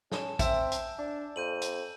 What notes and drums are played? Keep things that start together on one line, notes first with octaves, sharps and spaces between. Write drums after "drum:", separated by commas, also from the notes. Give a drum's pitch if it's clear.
C#4 A5 E7, drum: snare
C4 E5 G#5 E6 G6, drum: kick, hi-hat
drum: hi-hat
D4
F2 G6 D#7 F#7
drum: hi-hat